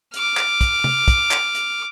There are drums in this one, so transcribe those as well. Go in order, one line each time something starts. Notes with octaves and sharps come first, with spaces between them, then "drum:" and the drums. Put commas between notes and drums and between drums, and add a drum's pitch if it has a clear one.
D6 F6, drum: hi-hat
drum: clap
drum: kick, hi-hat
drum: tom C3
drum: kick, hi-hat
drum: clap
drum: hi-hat